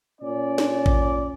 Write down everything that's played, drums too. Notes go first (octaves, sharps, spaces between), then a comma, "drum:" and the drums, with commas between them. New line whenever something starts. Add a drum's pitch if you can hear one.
A#2 C#4 D5
drum: snare
drum: kick A1